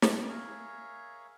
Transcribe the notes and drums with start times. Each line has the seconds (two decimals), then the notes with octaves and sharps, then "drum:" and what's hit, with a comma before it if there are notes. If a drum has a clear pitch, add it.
0.02 drum: snare
0.29 G#4 A#4 C#5 E5 F5